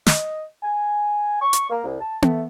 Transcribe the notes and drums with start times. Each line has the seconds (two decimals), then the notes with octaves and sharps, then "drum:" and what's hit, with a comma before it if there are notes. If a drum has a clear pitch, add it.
0.06 D#5, drum: snare
0.63 G#5
1.41 C#6
1.53 drum: hi-hat
1.70 A#3
1.84 C2
2.00 A5
2.22 A3, drum: tom B3